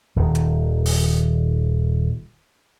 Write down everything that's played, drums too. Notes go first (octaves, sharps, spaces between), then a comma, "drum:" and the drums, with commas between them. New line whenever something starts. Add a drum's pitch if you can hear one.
D#1 D#3
drum: hi-hat
drum: open hi-hat